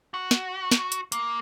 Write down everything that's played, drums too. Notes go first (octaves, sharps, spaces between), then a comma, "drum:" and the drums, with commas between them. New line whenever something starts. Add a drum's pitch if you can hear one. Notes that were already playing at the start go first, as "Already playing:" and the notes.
F#4
drum: snare
drum: snare
drum: hi-hat
A#3, drum: hi-hat